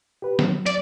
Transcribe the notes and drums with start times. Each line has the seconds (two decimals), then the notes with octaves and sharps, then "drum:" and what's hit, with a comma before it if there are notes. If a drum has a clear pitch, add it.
0.22 G4 B4
0.39 F#3, drum: snare
0.66 D5, drum: hi-hat